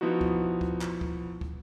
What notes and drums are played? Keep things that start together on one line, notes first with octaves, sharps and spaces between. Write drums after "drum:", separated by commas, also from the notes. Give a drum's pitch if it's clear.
F3 B3 D#4 E4 F#4
drum: kick
drum: kick
drum: clap
drum: kick
drum: kick